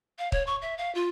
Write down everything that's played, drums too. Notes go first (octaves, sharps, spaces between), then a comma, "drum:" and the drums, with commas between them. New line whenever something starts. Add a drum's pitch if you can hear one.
F5
C#5, drum: kick
C#6
E5
F5
F4